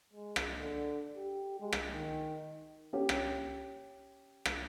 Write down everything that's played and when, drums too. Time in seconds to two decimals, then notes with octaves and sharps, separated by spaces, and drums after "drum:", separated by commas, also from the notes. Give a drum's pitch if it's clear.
0.13 G#3
0.36 drum: rim click
0.59 D3
1.17 G4
1.60 G#3
1.72 drum: rim click
1.92 D#3
2.93 C#4 G4
3.09 drum: rim click
4.45 drum: rim click